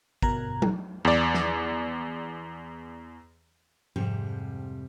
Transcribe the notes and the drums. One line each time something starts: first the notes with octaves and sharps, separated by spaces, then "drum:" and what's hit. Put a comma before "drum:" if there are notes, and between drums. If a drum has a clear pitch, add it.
G1 B2 A#4 A#5 F#6 G#6, drum: kick G#1
drum: tom F#3
E2 D5
drum: snare
F2 G#2 C3 F3 G3